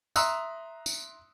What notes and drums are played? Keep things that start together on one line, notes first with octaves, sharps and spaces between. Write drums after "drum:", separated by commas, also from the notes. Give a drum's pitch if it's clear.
E5 A#5 C6 D#6 E6 F#6, drum: tambourine
drum: tambourine